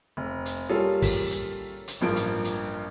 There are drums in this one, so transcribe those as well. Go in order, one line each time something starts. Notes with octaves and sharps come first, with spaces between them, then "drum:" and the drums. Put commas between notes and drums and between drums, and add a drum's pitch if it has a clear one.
F1
drum: hi-hat
G3 A#3 C#4 F4 G#4 A4
drum: kick, open hi-hat
drum: hi-hat
drum: hi-hat
A1 G2 F3 A#3 D7
drum: hi-hat
drum: hi-hat